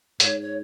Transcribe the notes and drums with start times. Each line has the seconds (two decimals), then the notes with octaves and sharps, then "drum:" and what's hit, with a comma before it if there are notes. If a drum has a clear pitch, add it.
0.20 G#2 C#5, drum: hi-hat
0.42 C#5